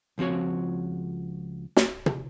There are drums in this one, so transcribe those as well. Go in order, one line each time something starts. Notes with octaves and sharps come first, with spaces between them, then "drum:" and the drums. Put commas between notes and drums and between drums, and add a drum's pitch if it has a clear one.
C#2 F3 C4 F#4 C#5
drum: snare
drum: tom